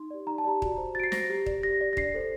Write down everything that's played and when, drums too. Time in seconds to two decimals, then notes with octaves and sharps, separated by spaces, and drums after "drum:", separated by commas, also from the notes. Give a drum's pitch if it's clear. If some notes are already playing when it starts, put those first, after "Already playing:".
Already playing: D#4 C6
0.11 G4 D5
0.27 D#4 A#5
0.38 A5
0.45 G4 D5 A#5
0.62 F#4, drum: kick
0.78 C5
0.95 F#4 A6 D7
1.03 C7
1.12 C5 A#6, drum: snare
1.29 G4
1.46 D5, drum: kick
1.63 G4 A#6
1.81 D5
1.93 A#6
1.97 D4 C7, drum: kick
2.14 A4 C5